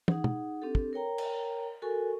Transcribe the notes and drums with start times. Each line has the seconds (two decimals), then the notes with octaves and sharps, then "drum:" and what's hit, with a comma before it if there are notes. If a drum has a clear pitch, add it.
0.08 D#4 G#4 F#5, drum: tom
0.24 drum: tom
0.62 C4 D4 G4 A4
0.75 drum: kick
0.93 A#4 C#5 G5 A#5
1.18 drum: cymbal
1.82 F#4 A4 A#4 G#5 C#6